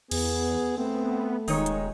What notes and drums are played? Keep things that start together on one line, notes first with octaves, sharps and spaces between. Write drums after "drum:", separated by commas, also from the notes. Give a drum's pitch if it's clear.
E2 B3 G#4, drum: cymbal
A3 B3 C4
D#1 D#3 G#3 D#4 C#5, drum: open hi-hat
drum: hi-hat